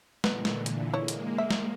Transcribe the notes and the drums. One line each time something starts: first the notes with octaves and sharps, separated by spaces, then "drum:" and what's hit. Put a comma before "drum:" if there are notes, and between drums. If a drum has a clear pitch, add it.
A#2 D3 E3 B3, drum: snare
drum: snare
drum: hi-hat
G#3 A#3 E4 C#5
drum: hi-hat
E5
drum: snare